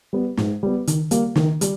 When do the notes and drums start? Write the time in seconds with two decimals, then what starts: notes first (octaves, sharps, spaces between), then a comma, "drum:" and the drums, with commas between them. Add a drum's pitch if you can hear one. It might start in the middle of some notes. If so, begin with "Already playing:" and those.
0.13 G3 B3
0.37 G#2, drum: snare
0.63 G3 B3
0.87 D#3, drum: hi-hat
1.11 G3 A#3, drum: hi-hat
1.36 D#3, drum: snare
1.61 G3, drum: hi-hat